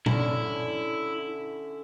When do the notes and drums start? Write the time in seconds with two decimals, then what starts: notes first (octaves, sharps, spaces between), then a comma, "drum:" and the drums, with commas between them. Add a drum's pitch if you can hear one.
0.06 D3 C#4 E4, drum: tom A#2